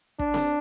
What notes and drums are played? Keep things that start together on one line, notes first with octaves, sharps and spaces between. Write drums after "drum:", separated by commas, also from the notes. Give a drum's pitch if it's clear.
D4, drum: kick
drum: snare C4